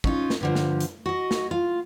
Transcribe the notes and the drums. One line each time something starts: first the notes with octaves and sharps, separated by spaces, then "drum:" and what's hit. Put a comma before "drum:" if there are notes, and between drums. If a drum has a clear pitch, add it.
C#4 D#4 F4, drum: kick
drum: snare
G2 D3 F3
drum: snare
drum: hi-hat
F#4 D#5
drum: snare
F4